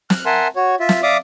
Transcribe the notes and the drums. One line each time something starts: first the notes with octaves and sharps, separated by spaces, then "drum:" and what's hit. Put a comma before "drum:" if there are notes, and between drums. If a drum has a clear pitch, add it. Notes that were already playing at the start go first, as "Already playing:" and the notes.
F6 F#6, drum: snare
A#4 E5 F#5 G#5 A5 C6
F#4 C#5
F4 E5
drum: snare
D5 E5 F5 D6 D#6